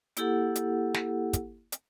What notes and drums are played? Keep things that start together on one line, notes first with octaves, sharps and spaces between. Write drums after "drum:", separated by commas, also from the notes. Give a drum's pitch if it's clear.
A#3 E4 G4 A4 F#5, drum: hi-hat
drum: hi-hat
drum: snare
drum: kick, hi-hat
drum: hi-hat